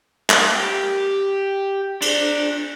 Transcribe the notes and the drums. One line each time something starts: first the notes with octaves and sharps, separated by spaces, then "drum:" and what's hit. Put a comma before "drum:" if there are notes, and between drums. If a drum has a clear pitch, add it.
A#3, drum: clap
G4
D4, drum: cymbal